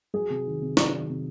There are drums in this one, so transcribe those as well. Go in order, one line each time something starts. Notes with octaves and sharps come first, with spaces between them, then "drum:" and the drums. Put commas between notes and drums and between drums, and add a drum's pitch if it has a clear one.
F#3 G#4
C3
D#3
C3
F#3, drum: snare
D#3
C3